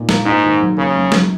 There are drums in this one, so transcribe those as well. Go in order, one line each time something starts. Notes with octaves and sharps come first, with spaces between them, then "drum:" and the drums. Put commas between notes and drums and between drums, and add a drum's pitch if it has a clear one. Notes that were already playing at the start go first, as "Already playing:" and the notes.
Already playing: A#2 D#4
A#3, drum: snare
G#2 D#4
D#3
F#3
C#3 A#3
F#2
F#3, drum: snare